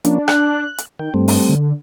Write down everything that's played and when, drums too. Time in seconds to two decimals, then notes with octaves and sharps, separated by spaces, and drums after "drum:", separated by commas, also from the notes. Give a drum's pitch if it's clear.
0.05 F3 A#3 C#4 D4, drum: hi-hat
0.28 F#6, drum: rim click
0.78 drum: hi-hat
0.99 D#3 G5
1.14 G2 G3 A3 C4
1.28 drum: open hi-hat
1.49 D3